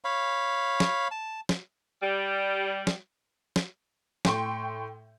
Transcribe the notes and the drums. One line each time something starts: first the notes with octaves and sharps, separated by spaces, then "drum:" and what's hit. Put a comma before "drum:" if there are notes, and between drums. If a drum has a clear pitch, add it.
C#5 F5 B5
drum: snare
A5
drum: snare
G3
drum: snare
drum: snare
A2 G5 C6 C#6, drum: snare